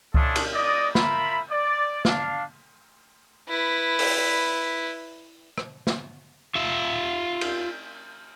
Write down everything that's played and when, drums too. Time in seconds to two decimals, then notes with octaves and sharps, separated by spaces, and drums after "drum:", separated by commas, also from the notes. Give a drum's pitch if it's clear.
0.14 C#4 D4 E4 F4 A4 D#5, drum: kick C#2
0.36 drum: cymbal
0.53 D5 D#5
0.95 F4 A#4 E5 B5, drum: snare
1.51 D5
2.05 D4 F5, drum: snare
3.48 E4 B4
3.99 drum: open hi-hat
5.58 drum: rim click
5.87 drum: snare
6.55 F4 E5
7.41 drum: cymbal